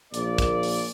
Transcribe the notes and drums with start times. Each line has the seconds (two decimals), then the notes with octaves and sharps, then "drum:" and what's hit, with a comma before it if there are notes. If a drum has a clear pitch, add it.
0.14 A#1 A#2 A#3 D5, drum: hi-hat
0.38 drum: kick, hi-hat
0.63 drum: open hi-hat